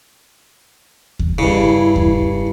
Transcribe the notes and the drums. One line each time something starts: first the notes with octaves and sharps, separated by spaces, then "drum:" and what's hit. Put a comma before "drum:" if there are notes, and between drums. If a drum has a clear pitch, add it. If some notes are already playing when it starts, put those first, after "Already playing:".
drum: kick D#2
G2 C#3 E4
drum: kick D#2